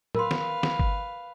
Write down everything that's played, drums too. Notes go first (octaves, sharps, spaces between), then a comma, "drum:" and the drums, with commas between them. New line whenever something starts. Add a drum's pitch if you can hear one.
A#4 B4 F5 C6, drum: tom
drum: snare
drum: snare
drum: kick G1